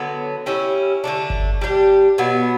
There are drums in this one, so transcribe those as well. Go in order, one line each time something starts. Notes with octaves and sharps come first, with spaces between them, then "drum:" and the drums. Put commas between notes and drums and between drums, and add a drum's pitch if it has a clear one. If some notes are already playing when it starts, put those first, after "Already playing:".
Already playing: D3 F#3 B3
G3 C#4 E4
D3 A3 D4
drum: kick G1
G3 D4 G4
B2 F#3 B3